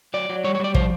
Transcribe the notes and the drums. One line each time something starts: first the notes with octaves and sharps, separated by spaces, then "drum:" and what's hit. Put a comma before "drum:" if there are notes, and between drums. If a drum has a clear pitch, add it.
F#3 D5
F#3
G3 C#5
C#5
G3 D5
F3 C5, drum: kick